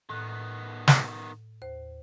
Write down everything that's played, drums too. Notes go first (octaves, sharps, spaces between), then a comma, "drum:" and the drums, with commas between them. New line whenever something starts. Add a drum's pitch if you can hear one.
A2 D#3 B3 F#6
drum: snare
D#2 C5